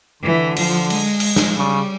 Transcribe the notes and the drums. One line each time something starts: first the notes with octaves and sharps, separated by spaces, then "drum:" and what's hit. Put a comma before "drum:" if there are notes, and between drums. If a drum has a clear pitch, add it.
D3 E3
F3, drum: cymbal
G#3, drum: cymbal
drum: cymbal
drum: snare
C#3 G3